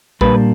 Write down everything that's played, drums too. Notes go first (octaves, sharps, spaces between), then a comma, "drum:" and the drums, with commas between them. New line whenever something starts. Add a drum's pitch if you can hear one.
A#2 G3 A#3 D4 B4, drum: kick A#1